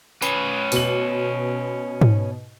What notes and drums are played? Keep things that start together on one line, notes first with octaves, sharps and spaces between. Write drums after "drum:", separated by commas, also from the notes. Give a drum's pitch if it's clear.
C#4 B4, drum: tambourine
B2 F#7, drum: open hi-hat
drum: tom G#2